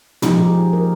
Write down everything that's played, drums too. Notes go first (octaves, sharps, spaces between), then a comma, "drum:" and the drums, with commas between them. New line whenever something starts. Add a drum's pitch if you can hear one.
F3 G#3 D#4 G4, drum: tom
G#4
G4
A#4